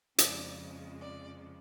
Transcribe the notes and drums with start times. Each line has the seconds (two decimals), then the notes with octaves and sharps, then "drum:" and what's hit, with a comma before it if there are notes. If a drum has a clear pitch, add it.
0.18 F2 C#3 F3 G#3 D5, drum: hi-hat
1.00 D5